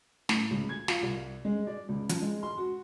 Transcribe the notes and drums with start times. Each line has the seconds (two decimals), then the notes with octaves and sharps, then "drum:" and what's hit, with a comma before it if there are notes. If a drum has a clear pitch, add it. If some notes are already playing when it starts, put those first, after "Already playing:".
0.29 A2, drum: snare
0.51 C#2
0.69 G#6
0.88 F4, drum: snare
1.03 C2
1.45 G#3
1.67 D5
1.89 C#2
2.09 F3, drum: hi-hat
2.22 G#3
2.43 C6
2.58 F#4